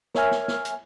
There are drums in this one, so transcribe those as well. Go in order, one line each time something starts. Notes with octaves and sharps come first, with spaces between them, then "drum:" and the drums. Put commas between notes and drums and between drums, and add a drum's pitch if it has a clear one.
A#4 C#5 E5 G#5 F6, drum: snare
drum: snare
drum: snare
drum: hi-hat